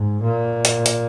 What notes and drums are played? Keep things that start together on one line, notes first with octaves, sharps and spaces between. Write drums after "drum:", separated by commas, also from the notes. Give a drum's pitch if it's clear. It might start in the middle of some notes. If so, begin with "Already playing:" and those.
Already playing: G#2
A#2
drum: hi-hat
drum: hi-hat